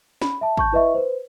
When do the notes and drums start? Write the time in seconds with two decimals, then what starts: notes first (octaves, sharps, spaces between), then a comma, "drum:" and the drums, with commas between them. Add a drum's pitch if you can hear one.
0.22 B5, drum: snare
0.41 E5 A5
0.57 A5 C#6 G6, drum: kick G#1
0.72 E4 B4 D#5 E5 C#6
0.94 B4 C5